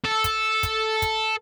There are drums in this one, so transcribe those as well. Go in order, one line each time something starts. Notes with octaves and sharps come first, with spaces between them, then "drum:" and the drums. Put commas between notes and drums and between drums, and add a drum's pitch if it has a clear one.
A4
drum: kick, hi-hat
drum: kick, hi-hat
drum: kick, hi-hat